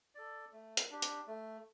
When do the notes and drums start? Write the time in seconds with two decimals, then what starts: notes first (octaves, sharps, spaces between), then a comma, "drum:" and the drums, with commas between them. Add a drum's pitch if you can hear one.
0.15 A4 D5
0.52 A3
0.77 drum: hi-hat
0.90 D4 G4
1.02 drum: hi-hat
1.27 A3